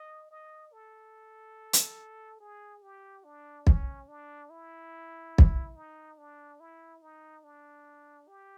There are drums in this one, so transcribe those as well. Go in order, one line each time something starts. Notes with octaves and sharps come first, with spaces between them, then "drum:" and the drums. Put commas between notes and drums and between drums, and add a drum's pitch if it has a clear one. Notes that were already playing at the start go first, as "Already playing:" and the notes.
Already playing: D#5
D#5
A4
drum: hi-hat
G#4
G4
D4
C#4, drum: kick
D4
E4
drum: kick
D#4
D4
E4
D#4
D4
G4